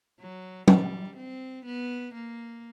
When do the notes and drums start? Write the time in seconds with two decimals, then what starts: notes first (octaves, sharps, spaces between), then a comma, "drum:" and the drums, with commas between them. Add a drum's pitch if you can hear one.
0.20 F#3
0.68 G3, drum: tom
1.16 C4
1.66 B3
2.14 A#3